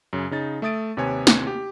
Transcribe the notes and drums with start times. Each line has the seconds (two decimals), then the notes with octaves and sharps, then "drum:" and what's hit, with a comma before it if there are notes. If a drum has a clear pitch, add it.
0.13 F#2 C#3
0.31 C#3 D#4 A6
0.62 A3 E5 D#6 A6 D7
0.97 D#2 C3 B4 C#5 G#5
1.27 drum: snare
1.47 G4